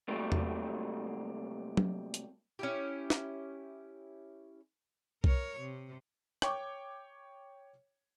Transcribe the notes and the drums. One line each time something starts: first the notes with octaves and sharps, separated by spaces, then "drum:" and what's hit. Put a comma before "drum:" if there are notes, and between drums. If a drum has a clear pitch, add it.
C3 F#3 G3 A3 A#3
drum: tom E2
drum: tom F#3
drum: hi-hat
C#4 E4 G4
drum: snare
A#4 C#5, drum: kick B1
C3
C#5 G5 C#6 D6, drum: rim click